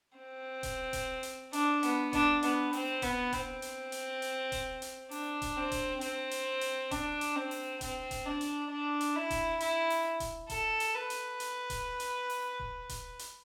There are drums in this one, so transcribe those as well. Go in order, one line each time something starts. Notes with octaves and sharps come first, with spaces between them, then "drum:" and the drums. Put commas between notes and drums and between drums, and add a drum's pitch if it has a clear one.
C4
drum: kick D#1, hi-hat
drum: kick D#1, hi-hat
drum: hi-hat
D4, drum: hi-hat
B3, drum: hi-hat
D4, drum: kick D#1, hi-hat
B3, drum: hi-hat
C4, drum: open hi-hat
B3, drum: kick D#1, hi-hat
C4, drum: kick D#1, hi-hat
drum: hi-hat
drum: hi-hat
drum: hi-hat
drum: kick D#1, hi-hat
drum: hi-hat
D4, drum: open hi-hat
drum: kick D#1, hi-hat
C4
drum: kick D#1, hi-hat
C4, drum: hi-hat
drum: hi-hat
drum: hi-hat
D4, drum: kick D#1, hi-hat
drum: hi-hat
C4
drum: open hi-hat
C4, drum: kick D#1, hi-hat
drum: kick D#1, hi-hat
D4
drum: hi-hat
D4
drum: hi-hat
E4
drum: kick D#1, hi-hat
E4, drum: hi-hat
drum: open hi-hat
drum: kick D#1, hi-hat
A4, drum: kick D#1, hi-hat
drum: hi-hat
B4
drum: hi-hat
drum: hi-hat
drum: kick D#1, hi-hat
drum: hi-hat
drum: open hi-hat
drum: kick D#1
drum: kick D#1, hi-hat
drum: hi-hat